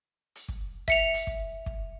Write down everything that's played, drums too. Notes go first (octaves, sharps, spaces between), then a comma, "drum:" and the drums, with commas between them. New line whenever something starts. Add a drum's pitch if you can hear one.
drum: hi-hat
drum: kick
E5 C#7 F7, drum: kick
drum: hi-hat
drum: kick
drum: kick